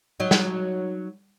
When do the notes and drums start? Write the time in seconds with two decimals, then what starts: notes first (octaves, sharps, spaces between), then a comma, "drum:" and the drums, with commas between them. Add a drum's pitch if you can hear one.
0.20 F#3 D#4
0.31 drum: snare